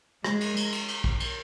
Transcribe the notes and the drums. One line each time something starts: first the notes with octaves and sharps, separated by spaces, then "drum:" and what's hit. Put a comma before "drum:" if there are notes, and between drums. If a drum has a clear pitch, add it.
G#3, drum: rim click
drum: cymbal
drum: cymbal
drum: cymbal
drum: cymbal
drum: kick
drum: cymbal